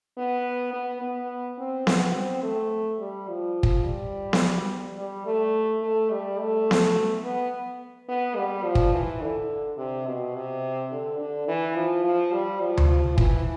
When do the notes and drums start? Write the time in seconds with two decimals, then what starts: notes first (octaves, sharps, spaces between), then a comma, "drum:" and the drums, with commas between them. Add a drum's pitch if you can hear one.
0.17 B3
0.74 B3
1.02 B3
1.59 C4
1.87 B3, drum: snare B3
2.15 C4
2.43 A3
3.00 G3
3.29 F3
3.63 drum: kick
3.85 G3
4.33 drum: snare B3
4.98 G3
5.26 A3
5.82 A3
6.11 G3
6.39 A3
6.71 drum: snare B3
7.24 B3
8.09 B3
8.36 G3
8.65 F3
8.75 drum: kick
8.94 E3
9.22 D3
9.78 C3
10.06 B2
10.35 C3
10.92 D3
11.19 D3
11.48 E3
11.76 F3
12.04 F3
12.33 G3
12.61 F3
12.78 drum: tom D2
12.89 F3
13.18 E3, drum: kick